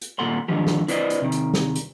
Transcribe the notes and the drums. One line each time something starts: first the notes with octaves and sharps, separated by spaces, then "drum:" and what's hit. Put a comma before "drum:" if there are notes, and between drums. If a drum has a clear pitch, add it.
drum: hi-hat
D#2 A#2 A4 F#5 C6
G#2 D3 D#3 F3 G4
drum: snare
E4 B4 C5 D5 D#5, drum: hi-hat
drum: hi-hat
C3 D#3
drum: hi-hat
drum: snare
drum: hi-hat